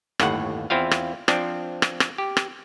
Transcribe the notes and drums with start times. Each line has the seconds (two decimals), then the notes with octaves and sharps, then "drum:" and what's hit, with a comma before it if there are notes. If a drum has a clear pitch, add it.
0.19 G1 D#2 A2 F#5, drum: rim click
0.70 E2 C4 E4 F4 F5
0.91 drum: rim click
1.28 F3 C4 D4, drum: rim click
1.82 drum: rim click
2.00 drum: rim click
2.18 G4
2.37 drum: rim click